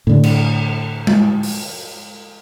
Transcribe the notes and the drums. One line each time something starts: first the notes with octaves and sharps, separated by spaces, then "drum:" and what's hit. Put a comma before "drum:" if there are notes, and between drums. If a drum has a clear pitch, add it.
A2 D3
drum: cymbal
drum: tom G#3
drum: open hi-hat